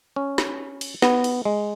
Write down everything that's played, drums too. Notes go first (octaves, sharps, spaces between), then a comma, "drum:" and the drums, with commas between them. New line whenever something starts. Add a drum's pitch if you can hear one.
C#4
drum: snare
drum: cymbal
B3, drum: snare
drum: cymbal
G#3